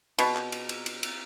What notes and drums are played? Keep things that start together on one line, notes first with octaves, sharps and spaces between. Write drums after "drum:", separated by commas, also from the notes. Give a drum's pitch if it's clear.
B2, drum: cymbal
drum: clap
drum: cymbal
drum: cymbal
drum: cymbal
drum: cymbal